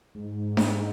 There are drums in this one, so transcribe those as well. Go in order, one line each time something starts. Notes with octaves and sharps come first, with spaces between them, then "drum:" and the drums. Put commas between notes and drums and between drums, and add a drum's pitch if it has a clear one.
G#2
drum: snare D4